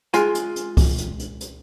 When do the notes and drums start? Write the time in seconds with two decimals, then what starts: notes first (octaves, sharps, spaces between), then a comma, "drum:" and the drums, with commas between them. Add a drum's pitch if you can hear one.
0.14 G#3 F4 G#5, drum: hi-hat
0.35 drum: hi-hat
0.56 drum: hi-hat
0.77 drum: kick C2, open hi-hat
0.98 drum: hi-hat
1.19 drum: hi-hat
1.41 drum: hi-hat